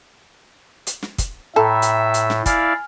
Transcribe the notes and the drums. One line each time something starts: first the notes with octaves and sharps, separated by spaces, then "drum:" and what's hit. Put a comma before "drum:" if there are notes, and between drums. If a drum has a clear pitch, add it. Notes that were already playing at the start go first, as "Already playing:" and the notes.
drum: hi-hat
drum: snare
drum: kick, hi-hat
A2 A4 E5 G5 A#5 B5
drum: hi-hat
drum: hi-hat
drum: snare
E4 D5 F5 G#5 F6, drum: kick, hi-hat